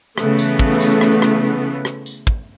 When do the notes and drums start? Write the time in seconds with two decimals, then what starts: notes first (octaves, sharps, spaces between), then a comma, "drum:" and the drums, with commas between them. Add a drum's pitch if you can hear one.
0.18 C#3 E3 A3 B3, drum: rim click
0.38 drum: tambourine
0.59 drum: kick
0.80 drum: tambourine
1.01 drum: rim click
1.22 drum: rim click
1.85 drum: rim click
2.06 drum: tambourine
2.27 drum: kick